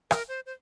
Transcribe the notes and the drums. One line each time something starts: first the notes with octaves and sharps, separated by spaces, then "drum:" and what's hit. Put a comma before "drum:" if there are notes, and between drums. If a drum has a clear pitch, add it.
A#4, drum: rim click
C5
C5